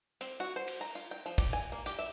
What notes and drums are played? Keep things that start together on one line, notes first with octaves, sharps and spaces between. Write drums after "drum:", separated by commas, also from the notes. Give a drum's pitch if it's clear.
C4, drum: cymbal
F#4
C5
drum: cymbal
A#5
F4
G5
F3
G4, drum: kick, cymbal
G#5
A#3
G4, drum: cymbal
E5